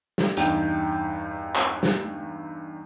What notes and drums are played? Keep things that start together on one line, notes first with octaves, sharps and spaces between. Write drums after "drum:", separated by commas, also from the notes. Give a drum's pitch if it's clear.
drum: snare
E2 G2 D#4 G5, drum: hi-hat
drum: clap
drum: snare